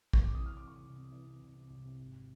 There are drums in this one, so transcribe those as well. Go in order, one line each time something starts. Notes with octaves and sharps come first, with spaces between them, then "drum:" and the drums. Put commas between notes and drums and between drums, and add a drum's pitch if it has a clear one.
C#6, drum: kick
C3 D6
D#6
E3
F6
C3 D6
C2 C#6
C2
C3
E3
C3
C2
C3
C2
C3
G#1